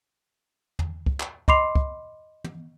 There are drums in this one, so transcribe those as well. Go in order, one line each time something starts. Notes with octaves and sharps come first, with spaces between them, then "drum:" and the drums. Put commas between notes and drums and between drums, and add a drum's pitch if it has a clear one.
drum: tom
drum: kick
drum: clap
D#5 B5 C6 D6 C7 F7, drum: kick
drum: kick
drum: tom